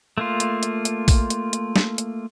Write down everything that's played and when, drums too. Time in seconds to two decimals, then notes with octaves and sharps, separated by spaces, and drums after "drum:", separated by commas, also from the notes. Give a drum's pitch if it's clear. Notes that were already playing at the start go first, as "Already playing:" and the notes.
0.18 A3 A#3 F4
0.40 drum: hi-hat
0.63 drum: hi-hat
0.85 drum: hi-hat
1.08 drum: kick, open hi-hat
1.30 drum: hi-hat
1.53 drum: hi-hat
1.76 drum: snare
1.98 drum: hi-hat